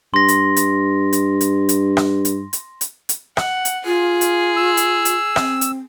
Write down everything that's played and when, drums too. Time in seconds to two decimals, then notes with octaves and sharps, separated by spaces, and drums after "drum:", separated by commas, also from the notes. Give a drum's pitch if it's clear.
0.14 G2 C6 A#6
0.28 drum: hi-hat
0.56 drum: hi-hat
1.13 drum: hi-hat
1.41 drum: hi-hat
1.69 drum: hi-hat
1.97 drum: rim click
2.25 drum: hi-hat
2.53 drum: hi-hat
2.81 drum: hi-hat
3.09 drum: hi-hat
3.37 F#5, drum: rim click
3.65 drum: hi-hat
3.85 F4 G#4
4.21 drum: hi-hat
4.57 E6
4.77 drum: hi-hat
5.05 drum: hi-hat
5.36 C4, drum: rim click
5.61 drum: hi-hat